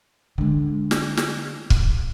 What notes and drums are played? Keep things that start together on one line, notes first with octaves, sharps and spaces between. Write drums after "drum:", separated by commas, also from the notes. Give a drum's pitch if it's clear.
D3 G#3
drum: snare
drum: snare
drum: kick